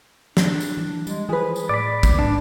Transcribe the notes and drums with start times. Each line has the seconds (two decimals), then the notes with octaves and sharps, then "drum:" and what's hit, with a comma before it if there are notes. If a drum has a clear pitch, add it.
0.37 D4, drum: snare
0.60 drum: tambourine
0.77 E3
1.07 G3 G#3, drum: tambourine
1.29 E3 F3 G#4 B4
1.56 drum: tambourine
1.69 A2 D5 B5 D6
2.03 drum: kick, tambourine
2.19 G#2 D4